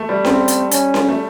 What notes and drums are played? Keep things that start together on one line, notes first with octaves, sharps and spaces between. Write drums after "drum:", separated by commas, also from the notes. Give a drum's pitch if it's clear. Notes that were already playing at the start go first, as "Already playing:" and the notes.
Already playing: A3
G3
C4, drum: snare C#4
drum: hi-hat
C#4, drum: hi-hat
drum: snare C#4
A3